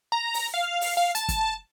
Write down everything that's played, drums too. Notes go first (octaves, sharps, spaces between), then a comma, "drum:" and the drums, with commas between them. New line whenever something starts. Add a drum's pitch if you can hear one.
A#5
drum: open hi-hat
F5
drum: open hi-hat
F5
A5, drum: hi-hat
drum: kick, hi-hat